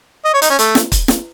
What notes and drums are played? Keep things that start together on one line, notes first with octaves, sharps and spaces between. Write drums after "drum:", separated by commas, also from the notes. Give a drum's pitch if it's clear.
D#5
C#5
D#4, drum: hi-hat
C#4
A3, drum: hi-hat
drum: snare
drum: kick, hi-hat
drum: snare